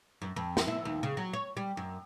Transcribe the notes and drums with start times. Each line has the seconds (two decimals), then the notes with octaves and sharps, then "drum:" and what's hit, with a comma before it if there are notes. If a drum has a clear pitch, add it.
0.22 F#2
0.36 F2
0.57 drum: snare
0.68 E4
0.85 D#2
1.03 C#3
1.17 F#3
1.33 C#5
1.57 G3
1.77 F#2